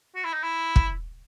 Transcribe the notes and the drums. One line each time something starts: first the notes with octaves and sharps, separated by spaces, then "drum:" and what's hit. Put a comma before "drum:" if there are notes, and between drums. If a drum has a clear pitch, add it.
F#4
E4
D#4
E4
drum: kick